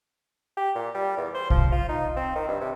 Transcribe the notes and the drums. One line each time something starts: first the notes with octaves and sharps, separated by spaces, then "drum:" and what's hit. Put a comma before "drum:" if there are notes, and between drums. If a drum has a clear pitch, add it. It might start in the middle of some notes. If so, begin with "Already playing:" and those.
G4
A#2
G3
E2
C5
F3, drum: kick
F4
D#4
C4
D#3
G2
C3